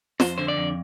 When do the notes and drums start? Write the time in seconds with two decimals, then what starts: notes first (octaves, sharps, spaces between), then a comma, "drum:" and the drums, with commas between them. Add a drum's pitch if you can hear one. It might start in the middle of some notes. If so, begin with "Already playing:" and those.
0.20 F2 C5, drum: snare
0.38 D3 C5
0.48 D5
0.57 F2